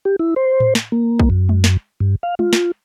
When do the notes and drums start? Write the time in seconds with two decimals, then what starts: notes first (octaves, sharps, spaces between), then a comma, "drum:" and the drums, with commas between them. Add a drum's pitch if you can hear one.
0.05 G4
0.19 E4
0.36 C5
0.60 drum: tom A2
0.75 drum: snare
0.92 A#3
1.20 drum: kick A#1
1.30 F#2
1.49 drum: tom G#3
1.64 drum: snare
2.00 G2
2.23 F5
2.39 F4, drum: tom G#3
2.53 drum: snare